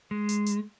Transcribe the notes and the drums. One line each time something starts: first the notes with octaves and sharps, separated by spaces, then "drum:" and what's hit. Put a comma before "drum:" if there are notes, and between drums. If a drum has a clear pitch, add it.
G#3
drum: hi-hat
drum: hi-hat